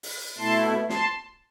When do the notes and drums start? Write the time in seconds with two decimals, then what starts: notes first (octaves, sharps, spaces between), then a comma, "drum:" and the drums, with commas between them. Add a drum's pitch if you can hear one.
0.03 drum: open hi-hat
0.38 B2 A3 E4 A5 C6
0.89 A5 C6, drum: snare